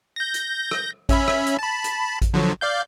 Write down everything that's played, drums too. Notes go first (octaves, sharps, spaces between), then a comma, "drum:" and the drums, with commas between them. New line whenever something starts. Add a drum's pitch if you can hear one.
G6 A#6
drum: hi-hat
drum: rim click
C#4 E5 B5, drum: kick A1, hi-hat
drum: rim click
drum: hi-hat
A5 B5
drum: hi-hat
drum: kick A1, hi-hat
D3 F3 F#3
D5 F5 G6